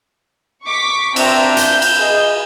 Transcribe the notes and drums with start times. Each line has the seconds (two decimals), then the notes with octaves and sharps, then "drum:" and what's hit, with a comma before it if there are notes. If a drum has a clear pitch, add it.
0.67 C#6 D6 B6
1.16 C4 D4 E5 G5 A#5, drum: cymbal
1.57 G6, drum: hi-hat
1.82 drum: cymbal
2.00 G#4 D#5